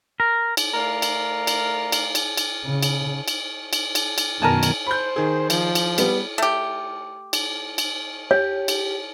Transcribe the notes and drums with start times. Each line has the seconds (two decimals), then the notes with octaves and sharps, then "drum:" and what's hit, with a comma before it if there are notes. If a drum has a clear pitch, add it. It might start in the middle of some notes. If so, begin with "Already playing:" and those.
0.20 A#4
0.57 drum: cymbal
0.74 A3 A#4 D5 F5
1.02 drum: cymbal
1.47 drum: cymbal
1.92 drum: cymbal
2.15 drum: cymbal
2.37 drum: cymbal
2.65 C#3
2.83 drum: cymbal
3.28 drum: cymbal
3.73 drum: cymbal
3.95 drum: cymbal
4.18 drum: cymbal
4.42 F#2 B2 D#3 A#4 G#5 A5
4.63 drum: cymbal
4.86 C5 B5 G6
5.16 D#3 G#4
5.50 F3, drum: cymbal
5.75 drum: cymbal
5.98 G3 B3, drum: cymbal
6.38 A3 G4
7.33 drum: cymbal
7.78 drum: cymbal
8.31 G4 C#5
8.68 drum: cymbal